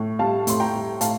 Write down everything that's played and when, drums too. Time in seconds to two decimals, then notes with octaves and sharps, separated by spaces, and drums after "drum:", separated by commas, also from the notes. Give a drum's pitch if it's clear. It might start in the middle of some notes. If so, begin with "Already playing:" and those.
Already playing: A2
0.19 G3 F5 A5
0.47 A2 C6, drum: hi-hat
0.60 G5 A#5
0.74 G3
1.01 A2 F5 A5, drum: hi-hat